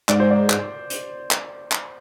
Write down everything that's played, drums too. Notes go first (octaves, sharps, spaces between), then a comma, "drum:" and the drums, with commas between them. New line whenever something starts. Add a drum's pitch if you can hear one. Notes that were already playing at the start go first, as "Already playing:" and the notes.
G#2 D5, drum: clap
C5
D5
drum: clap
drum: hi-hat
drum: clap
drum: clap